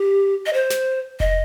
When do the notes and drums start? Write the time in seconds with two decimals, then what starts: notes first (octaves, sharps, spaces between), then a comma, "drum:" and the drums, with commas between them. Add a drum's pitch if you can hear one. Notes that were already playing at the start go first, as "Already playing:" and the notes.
Already playing: G4
0.46 D#5
0.53 C5
0.70 drum: snare
1.20 D#5, drum: kick F1